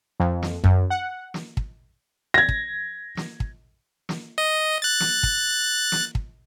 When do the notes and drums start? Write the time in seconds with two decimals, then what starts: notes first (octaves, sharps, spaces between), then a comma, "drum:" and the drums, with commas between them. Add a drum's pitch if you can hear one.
0.20 F2
0.42 drum: snare
0.64 F#2, drum: kick
0.90 F#5
1.34 drum: snare
1.57 drum: kick
2.34 G#6 A#6
2.49 drum: kick
3.17 drum: snare
3.40 drum: kick
4.09 drum: snare
4.38 D#5
4.82 F#6 A6
5.00 drum: snare
5.23 drum: kick
5.92 drum: snare
6.15 drum: kick